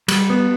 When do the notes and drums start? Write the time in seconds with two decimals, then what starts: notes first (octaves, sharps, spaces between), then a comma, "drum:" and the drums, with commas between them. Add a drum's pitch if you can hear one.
0.08 G3, drum: cymbal
0.30 B3